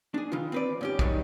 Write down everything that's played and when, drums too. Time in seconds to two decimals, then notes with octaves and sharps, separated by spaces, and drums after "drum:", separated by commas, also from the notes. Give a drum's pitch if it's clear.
0.14 D4 G#4
0.32 D#3 E3 F4
0.52 C4 B4 D5
0.81 G#2 C#4 G4
0.99 D#3 F#3 G3 D#4, drum: kick